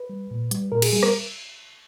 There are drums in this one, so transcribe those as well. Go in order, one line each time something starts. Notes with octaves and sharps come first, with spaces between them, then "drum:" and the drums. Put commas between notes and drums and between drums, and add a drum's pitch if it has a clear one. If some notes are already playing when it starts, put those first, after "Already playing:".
Already playing: B4
G3
A#2
G3, drum: hi-hat
A#2 A#4
G#4, drum: cymbal
G3 G#4
A#4, drum: rim click